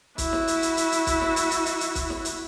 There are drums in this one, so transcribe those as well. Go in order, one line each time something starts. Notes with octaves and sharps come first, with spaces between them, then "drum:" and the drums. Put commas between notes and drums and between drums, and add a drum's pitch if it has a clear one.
E4 F#4, drum: kick, hi-hat
drum: snare
drum: hi-hat
drum: hi-hat
drum: hi-hat
drum: hi-hat
drum: kick, hi-hat
drum: snare
drum: hi-hat
drum: hi-hat
drum: hi-hat
drum: hi-hat
drum: kick, hi-hat
drum: snare
drum: hi-hat